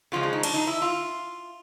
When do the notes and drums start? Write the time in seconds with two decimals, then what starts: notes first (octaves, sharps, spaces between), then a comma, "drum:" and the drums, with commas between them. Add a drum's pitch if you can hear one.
0.12 C#3 F3 G#3 F4
0.23 D4
0.33 D#4
0.43 D4, drum: cymbal
0.54 D#4
0.67 E4
0.82 F4